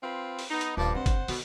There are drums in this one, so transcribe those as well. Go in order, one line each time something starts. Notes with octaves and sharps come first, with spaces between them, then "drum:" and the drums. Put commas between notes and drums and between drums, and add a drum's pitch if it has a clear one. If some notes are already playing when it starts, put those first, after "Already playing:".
C4 F4 B4
drum: open hi-hat
B3 D#4
drum: hi-hat
D#1 G2 F3 A5 D6
C4 C5 F#5
drum: kick, hi-hat
B2 D3, drum: open hi-hat